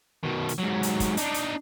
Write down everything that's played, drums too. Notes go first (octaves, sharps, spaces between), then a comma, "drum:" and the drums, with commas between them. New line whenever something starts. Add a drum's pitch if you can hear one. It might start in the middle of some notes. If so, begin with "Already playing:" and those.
B2 D#3
drum: hi-hat
G#2 F#3
drum: hi-hat
drum: kick, hi-hat
D4 D#4, drum: hi-hat
drum: hi-hat